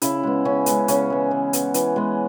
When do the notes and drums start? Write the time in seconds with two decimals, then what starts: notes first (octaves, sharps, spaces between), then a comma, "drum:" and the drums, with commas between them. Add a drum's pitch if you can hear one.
0.02 C#3 E4, drum: hi-hat
0.23 G#3 B3
0.45 C#3 C#4
0.66 G#3 B3, drum: hi-hat
0.88 C#3 C#4, drum: hi-hat
1.10 E3 G#3
1.31 E3
1.53 B3, drum: hi-hat
1.74 E3, drum: hi-hat
1.96 G#3 B3